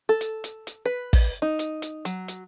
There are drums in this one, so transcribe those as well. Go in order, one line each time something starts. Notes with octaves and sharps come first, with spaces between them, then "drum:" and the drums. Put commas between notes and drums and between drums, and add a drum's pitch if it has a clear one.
A4
drum: hi-hat
drum: hi-hat
drum: hi-hat
B4
drum: kick, open hi-hat
D#4
drum: hi-hat
drum: hi-hat
F#3, drum: hi-hat
drum: hi-hat